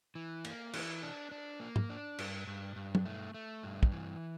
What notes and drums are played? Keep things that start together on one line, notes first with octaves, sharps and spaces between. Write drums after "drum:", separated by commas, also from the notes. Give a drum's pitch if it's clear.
E3
A#3, drum: cymbal
E3, drum: cymbal
D4
D4
A#3
drum: tom
D4
G2, drum: cymbal
G2
G2
drum: tom
A3
A3
G2
drum: kick
E3